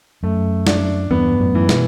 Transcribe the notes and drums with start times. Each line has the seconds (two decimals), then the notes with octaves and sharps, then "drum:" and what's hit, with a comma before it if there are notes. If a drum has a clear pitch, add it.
0.23 F#2 A3
0.67 D4, drum: snare
1.11 E2 G2 B3
1.40 F#2 A2
1.55 E3
1.69 B2, drum: snare